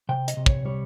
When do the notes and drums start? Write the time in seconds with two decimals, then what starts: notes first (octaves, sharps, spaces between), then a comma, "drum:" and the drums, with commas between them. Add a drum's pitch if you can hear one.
0.09 C3 G5
0.28 D#5, drum: hi-hat
0.37 C3
0.46 C#5, drum: kick
0.65 G3 C#5